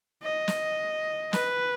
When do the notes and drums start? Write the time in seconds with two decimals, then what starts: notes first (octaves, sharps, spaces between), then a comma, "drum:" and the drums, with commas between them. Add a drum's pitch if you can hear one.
0.23 D#5
0.48 drum: snare
1.33 B4, drum: snare